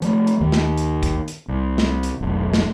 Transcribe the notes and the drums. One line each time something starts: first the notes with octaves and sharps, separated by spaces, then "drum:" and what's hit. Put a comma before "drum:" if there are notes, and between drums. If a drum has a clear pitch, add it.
F3 A3, drum: hi-hat
drum: hi-hat
D#2 D#3
drum: snare
drum: hi-hat
drum: kick, hi-hat
drum: hi-hat
C2
drum: snare
drum: hi-hat
F1 B1
drum: snare